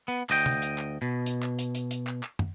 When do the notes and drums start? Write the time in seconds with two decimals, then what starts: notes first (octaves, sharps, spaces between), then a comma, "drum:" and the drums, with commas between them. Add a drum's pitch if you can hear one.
0.08 B3
0.30 D2 D#5 G5, drum: clap
0.46 drum: tom
0.62 drum: hi-hat
0.78 drum: clap
1.02 B2
1.26 drum: hi-hat
1.43 drum: clap
1.59 drum: hi-hat
1.75 drum: hi-hat
1.91 drum: hi-hat
2.07 drum: clap
2.23 drum: clap
2.39 drum: tom